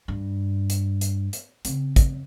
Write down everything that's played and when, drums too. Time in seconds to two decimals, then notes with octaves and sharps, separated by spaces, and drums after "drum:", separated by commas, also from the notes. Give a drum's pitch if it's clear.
0.08 G2
0.70 drum: hi-hat
1.01 drum: hi-hat
1.33 drum: hi-hat
1.65 C#3 C4, drum: hi-hat
1.96 drum: kick, hi-hat